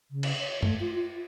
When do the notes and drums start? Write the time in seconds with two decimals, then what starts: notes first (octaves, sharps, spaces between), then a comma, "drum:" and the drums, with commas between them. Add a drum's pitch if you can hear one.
0.11 C#3
0.23 drum: cymbal
0.38 C#5
0.63 A3, drum: tom F#2
0.80 F4
0.95 F4